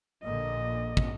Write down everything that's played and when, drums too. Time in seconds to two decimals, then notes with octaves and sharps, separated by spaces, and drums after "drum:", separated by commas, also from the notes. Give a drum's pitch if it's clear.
0.24 A#1 A#2 D3 D#5
0.97 drum: kick